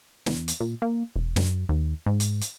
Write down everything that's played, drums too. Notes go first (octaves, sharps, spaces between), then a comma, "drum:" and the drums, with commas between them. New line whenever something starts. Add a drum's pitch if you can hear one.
E2, drum: snare
drum: hi-hat
A#2
A#3
E1
F#2, drum: snare
D#2
G#2
drum: hi-hat
drum: hi-hat